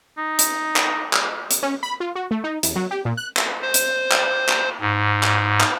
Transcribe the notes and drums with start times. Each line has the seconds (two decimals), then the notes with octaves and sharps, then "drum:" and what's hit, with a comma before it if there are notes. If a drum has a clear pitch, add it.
0.18 D#4
0.39 drum: hi-hat
0.76 drum: clap
1.13 drum: clap
1.51 drum: hi-hat
1.63 C#4
1.83 B5
2.00 F4
2.15 F#4
2.31 A3
2.44 D#4
2.63 E2, drum: hi-hat
2.76 F#3
2.91 G4
3.05 A#2
3.17 F#6
3.37 drum: clap
3.62 C5
3.74 drum: hi-hat
4.11 drum: clap
4.49 drum: clap
4.81 G#2
5.23 drum: clap
5.60 drum: clap